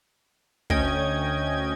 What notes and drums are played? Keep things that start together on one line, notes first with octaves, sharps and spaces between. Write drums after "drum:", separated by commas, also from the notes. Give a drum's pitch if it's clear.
D2 C#4 D#5 G5 G#6, drum: kick